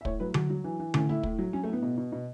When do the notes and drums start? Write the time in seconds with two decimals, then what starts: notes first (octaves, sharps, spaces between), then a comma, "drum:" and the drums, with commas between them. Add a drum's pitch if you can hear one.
0.01 E5
0.05 A2 C#5, drum: kick
0.20 F#3 B4
0.34 F#3 F#4, drum: tom D3
0.50 F#3
0.64 E3
0.79 E3
0.94 A2 C#4, drum: tom D3
1.09 A2 E4
1.23 A2, drum: kick
1.39 F#3
1.53 F#3 C#4
1.63 A3
1.68 A2 B3
1.83 B2
1.98 B2
2.12 B2